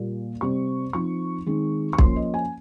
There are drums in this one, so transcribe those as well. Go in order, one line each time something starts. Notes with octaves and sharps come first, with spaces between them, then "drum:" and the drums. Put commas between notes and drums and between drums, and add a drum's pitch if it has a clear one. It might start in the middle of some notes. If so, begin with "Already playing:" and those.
Already playing: A#2 G3 A#3
C3 G3 C4 C#6
F3 C4 D#4 C#6
D#3 G#3 C4 D#4
C#6
F3 A#3 C#4 C6, drum: kick
D#5
G#5